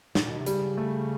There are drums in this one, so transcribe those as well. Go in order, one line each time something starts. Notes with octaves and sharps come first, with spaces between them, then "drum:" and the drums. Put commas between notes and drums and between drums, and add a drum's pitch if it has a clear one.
A2, drum: snare
A#2
B2
C3
C#3 G3, drum: hi-hat
A3